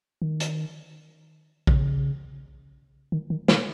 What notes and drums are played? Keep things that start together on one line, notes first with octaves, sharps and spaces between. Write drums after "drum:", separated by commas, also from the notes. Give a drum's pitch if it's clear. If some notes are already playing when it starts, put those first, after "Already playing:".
D#3
drum: hi-hat
C#3, drum: kick A#1
D#3
D#3
D#3, drum: snare